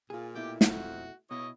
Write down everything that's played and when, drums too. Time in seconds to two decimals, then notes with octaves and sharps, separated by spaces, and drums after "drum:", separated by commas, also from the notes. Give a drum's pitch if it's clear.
0.10 A#2 F4 G#4
0.35 B2 A3 E4 G4 G5 D6
0.61 F2 F#4, drum: snare
1.31 B2 E4 C#5 D#5